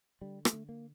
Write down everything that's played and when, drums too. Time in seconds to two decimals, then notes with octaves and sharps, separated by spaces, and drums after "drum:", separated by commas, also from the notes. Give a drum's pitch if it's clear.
0.21 D3 G3
0.45 A3, drum: rim click
0.53 D3
0.69 A#3